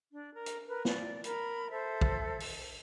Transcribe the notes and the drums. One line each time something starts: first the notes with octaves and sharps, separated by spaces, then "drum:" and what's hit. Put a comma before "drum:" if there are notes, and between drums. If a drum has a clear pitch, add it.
D4
A#4
drum: hi-hat
A#4 B4
D5, drum: snare
A#4 B5, drum: hi-hat
A4 C5 E5
drum: kick
drum: open hi-hat